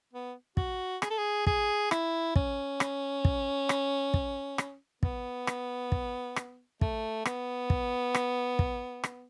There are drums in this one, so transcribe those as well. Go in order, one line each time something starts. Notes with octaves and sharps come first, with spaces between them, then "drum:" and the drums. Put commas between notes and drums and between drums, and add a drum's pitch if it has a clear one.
B3
F#4, drum: kick
G#4, drum: rim click
A4
G#4
G#4, drum: kick
E4, drum: rim click
C#4, drum: kick
drum: rim click
drum: kick
drum: rim click
drum: kick
drum: rim click
B3, drum: kick
drum: rim click
drum: kick
drum: rim click
A3, drum: kick
B3, drum: rim click
drum: kick
drum: rim click
drum: kick
drum: rim click